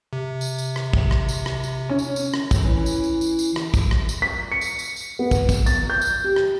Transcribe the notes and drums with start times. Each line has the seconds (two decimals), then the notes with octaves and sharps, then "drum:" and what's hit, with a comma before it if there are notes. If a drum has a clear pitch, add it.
0.13 C3
0.41 drum: tambourine
0.58 drum: tambourine
0.76 drum: rim click
0.93 drum: kick
1.11 drum: rim click
1.28 drum: tambourine
1.46 drum: rim click
1.64 drum: tambourine
1.89 C#4
1.99 drum: tambourine
2.16 drum: tambourine
2.34 drum: rim click
2.51 drum: kick, tambourine
2.64 E3 C#4
2.86 drum: tambourine
3.04 drum: tambourine
3.21 drum: tambourine
3.39 drum: tambourine
3.56 drum: rim click
3.74 drum: kick, tambourine
3.91 drum: rim click
4.09 drum: tambourine
4.22 B6
4.52 C#7
4.61 drum: tambourine
4.79 drum: tambourine
4.96 drum: tambourine
5.19 B3
5.31 drum: kick, tambourine
5.49 drum: kick, tambourine
5.66 A6, drum: tambourine
5.90 G6
6.01 drum: tambourine
6.24 G4
6.36 drum: rim click